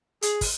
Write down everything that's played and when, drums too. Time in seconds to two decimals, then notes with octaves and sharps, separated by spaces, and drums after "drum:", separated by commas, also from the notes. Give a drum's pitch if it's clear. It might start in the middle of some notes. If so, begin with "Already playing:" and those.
0.22 G#4, drum: hi-hat
0.41 drum: kick, open hi-hat